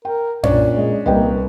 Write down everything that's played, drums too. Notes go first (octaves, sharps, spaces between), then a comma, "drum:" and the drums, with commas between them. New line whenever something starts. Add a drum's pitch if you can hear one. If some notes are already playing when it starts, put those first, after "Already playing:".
A#4 G5
A#2 C#4 D4 D5, drum: tom F#2
G#3 D#5
C2 A#3 B4 D#5 G5